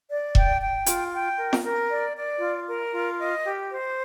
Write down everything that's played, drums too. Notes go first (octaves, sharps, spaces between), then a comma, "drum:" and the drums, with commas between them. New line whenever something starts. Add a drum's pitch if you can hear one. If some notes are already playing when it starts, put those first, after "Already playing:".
D5
G5, drum: kick E1
G5
F4, drum: hi-hat
G5
A#4
drum: snare F4
A#4
D5
D5
F4
A#4
F4
D#5
G4
C5